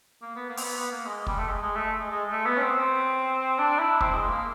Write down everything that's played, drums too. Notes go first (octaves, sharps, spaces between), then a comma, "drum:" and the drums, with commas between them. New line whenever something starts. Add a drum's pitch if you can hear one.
A#3
B3
A#3
C4, drum: open hi-hat
B3
B3
A#3
G#3
G3, drum: kick
A3
G#3
G#3
A3
G#3
G#3
A3
B3
C#4
C4
D4
E4
C4, drum: kick
G#3
A#3